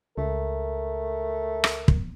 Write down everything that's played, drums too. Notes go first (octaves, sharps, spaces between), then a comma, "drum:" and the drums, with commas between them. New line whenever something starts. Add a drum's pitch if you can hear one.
C#2 A3 A#4
drum: rim click
drum: kick